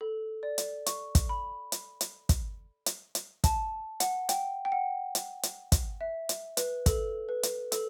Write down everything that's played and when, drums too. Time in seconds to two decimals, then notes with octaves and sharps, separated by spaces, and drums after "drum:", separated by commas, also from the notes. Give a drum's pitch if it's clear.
0.01 A4
0.43 D5
0.58 drum: hi-hat
0.86 C#6, drum: hi-hat
1.15 drum: kick, hi-hat
1.29 B5
1.72 drum: hi-hat
2.01 drum: hi-hat
2.29 drum: kick, hi-hat
2.86 drum: hi-hat
3.15 drum: hi-hat
3.44 A5, drum: kick, hi-hat
4.00 F#5, drum: hi-hat
4.29 G5, drum: hi-hat
4.65 G5
4.72 F#5
5.15 drum: hi-hat
5.43 drum: hi-hat
5.72 drum: kick, hi-hat
6.01 E5
6.29 drum: hi-hat
6.57 B4, drum: hi-hat
6.86 A4, drum: kick, hi-hat
7.29 B4
7.43 drum: hi-hat
7.72 A4, drum: hi-hat